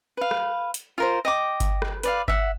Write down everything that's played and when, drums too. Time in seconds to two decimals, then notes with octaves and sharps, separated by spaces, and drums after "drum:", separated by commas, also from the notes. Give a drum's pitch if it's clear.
0.17 B4 F5
0.31 drum: rim click
0.74 drum: hi-hat
0.98 F4 A#4 C5
1.25 D#5 G5 D6
1.60 drum: kick G1, hi-hat
1.82 drum: rim click
2.03 B4 D5 F5, drum: hi-hat
2.28 E5 F#5, drum: kick G1